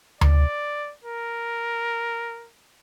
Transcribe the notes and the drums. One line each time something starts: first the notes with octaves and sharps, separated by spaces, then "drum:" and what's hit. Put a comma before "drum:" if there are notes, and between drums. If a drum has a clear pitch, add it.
D5, drum: tom D2
A#4